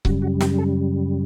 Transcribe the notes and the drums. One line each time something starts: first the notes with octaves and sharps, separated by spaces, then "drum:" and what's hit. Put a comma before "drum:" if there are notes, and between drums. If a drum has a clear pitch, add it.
F#2 C#3 G3 F#4, drum: kick C#1
F#4
G4, drum: snare
A4